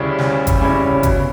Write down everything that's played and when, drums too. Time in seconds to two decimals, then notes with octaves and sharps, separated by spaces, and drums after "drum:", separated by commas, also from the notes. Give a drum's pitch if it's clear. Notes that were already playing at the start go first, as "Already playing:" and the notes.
Already playing: D2 C#3 G3 C#4 E4
0.19 D2, drum: snare
0.47 drum: kick, hi-hat
0.61 C#3 G3 C#4 E4
1.03 B2, drum: kick, hi-hat